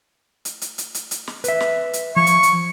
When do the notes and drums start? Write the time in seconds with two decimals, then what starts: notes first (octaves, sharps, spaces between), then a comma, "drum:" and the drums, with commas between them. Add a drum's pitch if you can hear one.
0.45 drum: hi-hat
0.62 drum: hi-hat
0.78 drum: hi-hat
0.94 drum: hi-hat
1.11 drum: hi-hat
1.27 drum: snare
1.44 B4 E5, drum: hi-hat
1.60 drum: snare
1.93 drum: hi-hat
2.16 F3 C#6
2.26 drum: hi-hat
2.43 drum: hi-hat